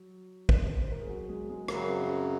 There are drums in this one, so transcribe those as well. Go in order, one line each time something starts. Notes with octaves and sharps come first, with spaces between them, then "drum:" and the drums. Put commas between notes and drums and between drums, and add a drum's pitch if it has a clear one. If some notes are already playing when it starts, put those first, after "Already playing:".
Already playing: F#3
drum: kick
C5
A#4
G#4
F#3 F#4
G#3 G#4
G#3 G#4
F#2 C#3 F#3 A#3 A#4, drum: rim click
C4 C5
C#4 C#5